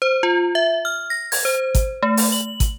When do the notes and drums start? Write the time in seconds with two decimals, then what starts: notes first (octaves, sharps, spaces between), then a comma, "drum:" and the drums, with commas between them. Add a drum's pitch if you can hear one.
0.02 C5
0.23 F4
0.55 E5
0.85 F6
1.10 A#6
1.32 G#6, drum: open hi-hat
1.45 C5
1.75 drum: kick, hi-hat
2.03 A3
2.17 drum: open hi-hat
2.32 F#7
2.60 drum: kick, hi-hat